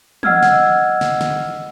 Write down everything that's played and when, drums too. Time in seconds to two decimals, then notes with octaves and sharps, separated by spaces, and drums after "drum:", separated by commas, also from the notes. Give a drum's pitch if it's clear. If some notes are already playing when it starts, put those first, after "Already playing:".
0.23 D#5 F#5 E6 F6 G#6, drum: tom
0.43 drum: snare
1.01 drum: snare
1.21 drum: snare